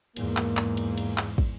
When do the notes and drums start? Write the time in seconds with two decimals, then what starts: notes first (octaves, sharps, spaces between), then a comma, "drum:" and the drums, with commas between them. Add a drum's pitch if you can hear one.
0.17 E2 G#2 A#3, drum: cymbal
0.37 drum: clap
0.57 drum: clap
0.77 drum: cymbal
0.98 drum: cymbal
1.18 drum: clap
1.38 drum: kick